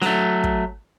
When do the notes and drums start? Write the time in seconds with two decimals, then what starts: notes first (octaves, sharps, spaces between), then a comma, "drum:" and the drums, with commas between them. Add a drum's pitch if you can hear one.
0.02 F#3 A3, drum: snare
0.44 drum: kick